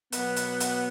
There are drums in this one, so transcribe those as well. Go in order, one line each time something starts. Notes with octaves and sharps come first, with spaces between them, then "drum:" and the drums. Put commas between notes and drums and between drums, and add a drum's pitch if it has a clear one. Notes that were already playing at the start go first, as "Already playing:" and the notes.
B2 F#3 B3, drum: hi-hat
drum: hi-hat
drum: hi-hat